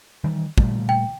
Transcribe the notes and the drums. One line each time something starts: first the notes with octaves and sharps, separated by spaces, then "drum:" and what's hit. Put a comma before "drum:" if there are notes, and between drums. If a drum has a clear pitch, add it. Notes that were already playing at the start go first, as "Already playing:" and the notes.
D#3 E3 G3
A#2 G3 A3, drum: kick
G5